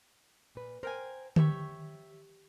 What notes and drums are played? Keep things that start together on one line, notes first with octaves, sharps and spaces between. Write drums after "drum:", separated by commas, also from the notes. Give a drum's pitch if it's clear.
A#2 B4
A#4 C5 G5 G#5
G4 C#5 E5 C#6, drum: tom D3